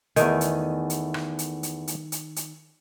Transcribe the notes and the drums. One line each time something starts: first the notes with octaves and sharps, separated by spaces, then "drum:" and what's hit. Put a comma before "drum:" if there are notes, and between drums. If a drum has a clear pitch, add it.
E2 D#3 A3 G#5, drum: hi-hat
drum: hi-hat
drum: hi-hat
drum: rim click
drum: hi-hat
drum: hi-hat
drum: hi-hat
drum: hi-hat
drum: hi-hat